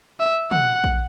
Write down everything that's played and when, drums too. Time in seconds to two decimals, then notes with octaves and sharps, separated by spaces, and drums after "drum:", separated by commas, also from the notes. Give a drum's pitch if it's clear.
0.20 E5
0.51 F#5, drum: tom
0.84 drum: kick A#1